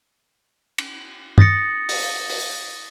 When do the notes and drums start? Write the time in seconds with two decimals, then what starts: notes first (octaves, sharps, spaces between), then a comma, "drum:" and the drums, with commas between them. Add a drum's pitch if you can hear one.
0.78 drum: cymbal
1.38 D#6 A6 A#6 C#7, drum: tom
1.89 drum: open hi-hat
2.30 drum: open hi-hat